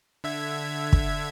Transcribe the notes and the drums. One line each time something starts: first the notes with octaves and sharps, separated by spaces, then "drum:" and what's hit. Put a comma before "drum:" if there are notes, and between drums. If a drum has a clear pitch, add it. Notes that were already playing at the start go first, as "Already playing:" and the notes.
D3 E5 G#6
drum: kick